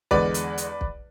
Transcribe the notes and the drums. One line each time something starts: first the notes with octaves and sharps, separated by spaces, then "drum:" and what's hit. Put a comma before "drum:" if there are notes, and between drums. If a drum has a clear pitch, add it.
E2 D3 G#3 B4 D5, drum: kick
drum: hi-hat
drum: hi-hat
drum: kick